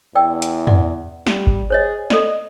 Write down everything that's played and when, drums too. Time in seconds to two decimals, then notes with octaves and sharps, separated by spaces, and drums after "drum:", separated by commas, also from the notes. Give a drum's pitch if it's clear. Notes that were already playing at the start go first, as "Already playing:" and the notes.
0.15 E2 D5 G5 E6
0.42 drum: hi-hat
0.67 D5 F#5, drum: tom
1.27 G3, drum: snare
1.47 drum: kick G#1
1.70 G#4 C5 C#5 D#5
2.10 A4 D5 D#5, drum: snare